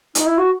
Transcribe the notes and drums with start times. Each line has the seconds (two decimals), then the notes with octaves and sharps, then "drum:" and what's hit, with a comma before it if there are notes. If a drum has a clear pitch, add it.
0.15 D#4, drum: hi-hat
0.26 E4
0.38 F#4